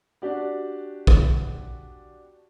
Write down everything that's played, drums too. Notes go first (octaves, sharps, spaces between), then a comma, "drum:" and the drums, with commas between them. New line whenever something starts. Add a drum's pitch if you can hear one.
D4 F#4 G4 D5
drum: kick A#1